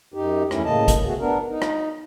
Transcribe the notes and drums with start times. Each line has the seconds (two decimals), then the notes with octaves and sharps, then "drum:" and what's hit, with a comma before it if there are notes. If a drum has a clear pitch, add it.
0.14 F#2 D#4 G4
0.51 E2 A3 C#4 E4, drum: rim click
0.65 A2 C#3 A#3 D#5 A5
0.88 drum: kick, hi-hat
1.05 B2 A3 B3 F#4 G#4
1.19 B3 D4 A#4
1.50 D#4
1.62 drum: rim click